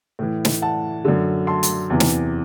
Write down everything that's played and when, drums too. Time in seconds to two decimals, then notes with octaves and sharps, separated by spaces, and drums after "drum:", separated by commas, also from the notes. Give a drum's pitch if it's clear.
0.19 A2 E3
0.45 drum: snare
0.62 F#5 A5
1.05 F#2 D3
1.47 A5 C6
1.63 drum: hi-hat
1.90 E2 C3 E3
2.00 drum: snare